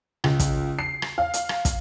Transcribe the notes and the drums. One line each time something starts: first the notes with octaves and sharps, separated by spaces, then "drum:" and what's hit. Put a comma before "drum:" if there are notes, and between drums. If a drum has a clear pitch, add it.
C#2, drum: rim click
drum: kick, hi-hat
C7
drum: rim click
F5
drum: hi-hat
drum: rim click
drum: kick, hi-hat